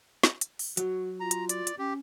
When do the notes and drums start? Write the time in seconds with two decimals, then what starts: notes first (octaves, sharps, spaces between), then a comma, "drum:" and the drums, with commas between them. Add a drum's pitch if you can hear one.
0.23 drum: snare
0.41 drum: hi-hat
0.59 drum: open hi-hat
0.77 F#3 F#4, drum: hi-hat
1.20 F4 A#5
1.31 drum: hi-hat
1.49 D5, drum: hi-hat
1.67 drum: hi-hat
1.78 C#4 G4